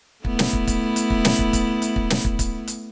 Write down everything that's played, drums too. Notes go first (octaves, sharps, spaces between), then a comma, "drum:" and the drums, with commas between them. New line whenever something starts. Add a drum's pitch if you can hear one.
A3 B3 E4, drum: kick
drum: snare
drum: kick
drum: kick, hi-hat
drum: hi-hat
drum: kick
drum: snare
drum: kick
drum: kick, hi-hat
drum: hi-hat
drum: kick
drum: snare
drum: kick
drum: kick, hi-hat
drum: hi-hat